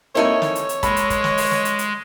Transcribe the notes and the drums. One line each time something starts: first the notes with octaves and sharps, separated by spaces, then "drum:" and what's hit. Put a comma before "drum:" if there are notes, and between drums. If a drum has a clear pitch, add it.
A#3 C4 D#4 E4 A4 C#5 G#5
drum: snare
drum: hi-hat
drum: hi-hat
G#3 A4 B5, drum: kick, hi-hat
drum: hi-hat
drum: kick, hi-hat
drum: snare
drum: open hi-hat
drum: snare
drum: hi-hat
drum: hi-hat